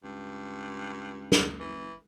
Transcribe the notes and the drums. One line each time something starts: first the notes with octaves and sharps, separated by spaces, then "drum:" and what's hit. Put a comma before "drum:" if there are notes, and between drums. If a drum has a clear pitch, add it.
C#2 G2
F#1, drum: snare
E3